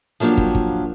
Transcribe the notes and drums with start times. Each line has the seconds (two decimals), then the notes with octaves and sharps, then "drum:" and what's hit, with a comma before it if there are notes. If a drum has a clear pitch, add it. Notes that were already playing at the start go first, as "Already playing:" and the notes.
0.20 F3 F#3 A#3 D4 G4
0.37 drum: kick
0.55 drum: kick